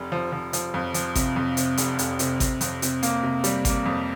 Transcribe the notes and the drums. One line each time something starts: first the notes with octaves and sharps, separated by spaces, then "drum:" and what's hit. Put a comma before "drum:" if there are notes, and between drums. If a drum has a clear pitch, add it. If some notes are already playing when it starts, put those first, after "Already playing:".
Already playing: F1
F3
F3
F3, drum: hi-hat
F2
F3, drum: hi-hat
C3, drum: kick G#1, hi-hat
F2
C3, drum: hi-hat
F1, drum: hi-hat
F1, drum: hi-hat
C3, drum: hi-hat
C3, drum: kick G#1, hi-hat
F2, drum: hi-hat
C3, drum: hi-hat
A#3, drum: hi-hat
C3
G3, drum: hi-hat
A#3, drum: kick G#1, hi-hat
F2